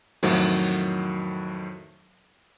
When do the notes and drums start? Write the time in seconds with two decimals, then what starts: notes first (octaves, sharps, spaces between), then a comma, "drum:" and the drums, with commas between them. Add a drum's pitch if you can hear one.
0.23 F2 A2 D#3 F#3, drum: open hi-hat